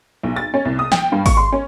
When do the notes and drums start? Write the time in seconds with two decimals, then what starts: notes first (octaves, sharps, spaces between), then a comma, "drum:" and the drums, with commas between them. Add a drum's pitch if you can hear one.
0.23 B1
0.36 A6
0.54 C#4
0.65 C2
0.79 D#6
0.92 G5, drum: snare
1.12 G2
1.26 C#6, drum: kick, open hi-hat
1.37 C6
1.52 C#4